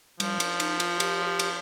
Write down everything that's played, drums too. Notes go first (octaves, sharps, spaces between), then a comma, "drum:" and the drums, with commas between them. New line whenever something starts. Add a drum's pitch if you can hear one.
F3 G3, drum: cymbal
drum: cymbal
D#4, drum: cymbal
F4, drum: cymbal
G4, drum: cymbal
G4
drum: cymbal